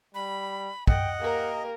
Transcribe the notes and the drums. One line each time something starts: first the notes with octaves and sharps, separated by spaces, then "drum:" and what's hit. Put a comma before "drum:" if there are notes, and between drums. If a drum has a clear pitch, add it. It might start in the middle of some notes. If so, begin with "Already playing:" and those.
G3 B5
D#5 F#5 G5, drum: kick
A#3 G4 A#4